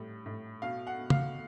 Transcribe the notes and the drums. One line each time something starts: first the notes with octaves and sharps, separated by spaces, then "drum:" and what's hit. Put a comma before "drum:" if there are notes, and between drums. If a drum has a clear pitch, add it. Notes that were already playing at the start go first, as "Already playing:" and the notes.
Already playing: A2 G3
A2
B2 F5
F#5
B2
F5, drum: tom C#3